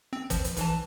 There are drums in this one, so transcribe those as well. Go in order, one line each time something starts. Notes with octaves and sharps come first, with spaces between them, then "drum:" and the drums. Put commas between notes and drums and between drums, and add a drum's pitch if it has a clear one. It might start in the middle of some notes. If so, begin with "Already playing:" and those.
C4
F3, drum: kick, hi-hat
drum: hi-hat
B1 E3 A5, drum: hi-hat